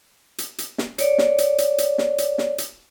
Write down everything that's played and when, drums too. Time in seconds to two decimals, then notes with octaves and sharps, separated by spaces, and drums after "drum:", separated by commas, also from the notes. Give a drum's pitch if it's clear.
0.38 drum: hi-hat
0.58 drum: hi-hat
0.78 drum: snare
0.98 C#5 D5, drum: hi-hat
1.18 drum: snare
1.38 drum: hi-hat
1.58 drum: hi-hat
1.78 drum: hi-hat
1.98 drum: snare
2.18 drum: hi-hat
2.38 drum: snare
2.58 drum: hi-hat